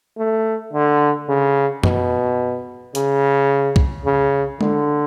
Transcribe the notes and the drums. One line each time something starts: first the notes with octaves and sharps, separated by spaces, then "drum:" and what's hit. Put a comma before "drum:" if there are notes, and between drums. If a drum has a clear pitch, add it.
A3
D3
C#3
B2, drum: tom F#2
C#3, drum: hi-hat
drum: kick B1
C#3
D3, drum: tom G#3